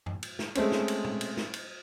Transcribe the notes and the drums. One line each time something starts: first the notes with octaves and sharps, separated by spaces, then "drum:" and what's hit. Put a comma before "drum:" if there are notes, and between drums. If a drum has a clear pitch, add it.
drum: tom F#2
drum: cymbal
drum: snare
G#3 A3 C4 C#4, drum: cymbal
drum: snare
drum: cymbal
drum: tom
drum: cymbal
drum: snare
drum: cymbal